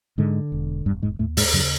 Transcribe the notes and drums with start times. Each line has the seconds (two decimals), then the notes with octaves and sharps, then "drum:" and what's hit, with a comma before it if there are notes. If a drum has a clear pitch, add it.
0.18 G#2 D3 G#3
0.52 E1
0.86 E1 G2 G3
1.02 G#2 G#3
1.19 D#2 A2 A3
1.37 G#2 G#3, drum: open hi-hat
1.53 F#2 C#3 F#3